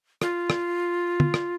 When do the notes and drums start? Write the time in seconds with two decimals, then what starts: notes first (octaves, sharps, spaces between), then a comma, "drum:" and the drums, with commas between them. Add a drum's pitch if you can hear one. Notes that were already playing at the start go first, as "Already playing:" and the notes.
0.22 F4, drum: rim click
0.50 drum: rim click
1.20 drum: tom
1.34 drum: rim click